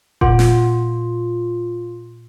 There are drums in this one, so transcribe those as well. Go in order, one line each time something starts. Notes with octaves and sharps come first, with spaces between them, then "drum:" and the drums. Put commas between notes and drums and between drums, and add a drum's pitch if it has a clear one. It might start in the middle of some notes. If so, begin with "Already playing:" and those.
A#2 F4 F#5, drum: kick F1
drum: snare